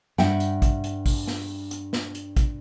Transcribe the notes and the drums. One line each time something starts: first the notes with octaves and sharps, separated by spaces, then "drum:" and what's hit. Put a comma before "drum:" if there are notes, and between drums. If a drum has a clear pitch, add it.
G2 E5 F#5 G5, drum: snare
drum: hi-hat
drum: kick A1, hi-hat
drum: hi-hat
drum: kick A1, open hi-hat
drum: snare
drum: hi-hat
drum: snare
drum: hi-hat
drum: kick A1, hi-hat